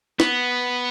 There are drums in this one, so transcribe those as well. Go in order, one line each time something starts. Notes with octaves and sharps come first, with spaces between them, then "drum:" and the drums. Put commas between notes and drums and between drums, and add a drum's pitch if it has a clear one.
B3, drum: snare